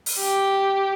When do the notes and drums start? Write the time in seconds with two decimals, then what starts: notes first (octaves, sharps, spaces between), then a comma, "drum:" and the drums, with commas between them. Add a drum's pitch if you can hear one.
0.06 drum: open hi-hat
0.19 G4